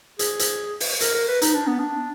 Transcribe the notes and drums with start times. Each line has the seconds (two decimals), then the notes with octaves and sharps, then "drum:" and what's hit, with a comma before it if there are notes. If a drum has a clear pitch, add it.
0.19 G#4, drum: hi-hat
0.39 drum: hi-hat
0.80 drum: open hi-hat
1.01 A#4, drum: hi-hat
1.15 A#4
1.28 B4
1.42 D#4, drum: hi-hat
1.54 D4
1.67 B3
1.79 D4